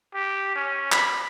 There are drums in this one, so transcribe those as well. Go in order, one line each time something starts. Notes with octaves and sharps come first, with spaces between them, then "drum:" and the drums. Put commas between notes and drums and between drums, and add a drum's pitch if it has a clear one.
G4
C#4
B5, drum: clap